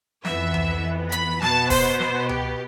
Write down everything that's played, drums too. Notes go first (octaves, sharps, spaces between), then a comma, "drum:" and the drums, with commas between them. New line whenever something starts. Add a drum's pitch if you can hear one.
F2 E3 B3 E5, drum: snare
drum: tom C#2
B5, drum: hi-hat
B2 B3 A5, drum: snare
C5, drum: kick D#1, open hi-hat
drum: snare
G4, drum: tom C#2